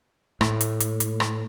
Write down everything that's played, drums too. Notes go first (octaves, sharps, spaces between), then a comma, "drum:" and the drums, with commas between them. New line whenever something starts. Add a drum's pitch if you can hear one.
A2, drum: rim click
drum: hi-hat
drum: hi-hat
drum: hi-hat
drum: rim click